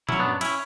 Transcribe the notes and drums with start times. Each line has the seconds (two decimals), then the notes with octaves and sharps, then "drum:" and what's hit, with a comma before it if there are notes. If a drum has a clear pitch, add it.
0.09 F#3 C#4 E4, drum: tom A#2
0.19 B3 D4
0.25 F#2
0.41 C#4 E4, drum: cymbal